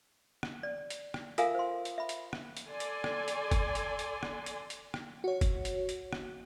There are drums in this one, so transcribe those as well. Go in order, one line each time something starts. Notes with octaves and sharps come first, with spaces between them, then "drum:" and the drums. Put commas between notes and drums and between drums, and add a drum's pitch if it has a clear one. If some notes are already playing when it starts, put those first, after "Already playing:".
drum: rim click
D5
drum: hi-hat
drum: rim click
F4 A4 A#4 E5 F5 G#5, drum: hi-hat
C5 C6
drum: hi-hat
E5 B5
drum: hi-hat
drum: rim click
drum: hi-hat
A4 D5 G#5 C6
drum: hi-hat
drum: rim click
drum: hi-hat
drum: kick F#1, hi-hat
drum: hi-hat
drum: hi-hat
drum: rim click
drum: hi-hat
drum: hi-hat
drum: rim click
F#4 C#5
drum: kick F#1, hi-hat
drum: hi-hat
drum: hi-hat
drum: rim click